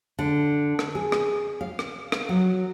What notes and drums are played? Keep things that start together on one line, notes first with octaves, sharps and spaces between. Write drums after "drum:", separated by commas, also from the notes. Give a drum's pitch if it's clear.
D3
drum: rim click
G#4
drum: rim click
F5
drum: rim click
drum: rim click
F#3